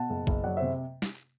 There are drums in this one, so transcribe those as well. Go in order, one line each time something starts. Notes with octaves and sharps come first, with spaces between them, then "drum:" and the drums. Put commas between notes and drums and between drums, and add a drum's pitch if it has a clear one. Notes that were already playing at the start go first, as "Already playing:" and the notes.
Already playing: B2 F#5 A5
F#1
F#1, drum: kick
F#3 D5 F#5
C3 C5 E5
drum: snare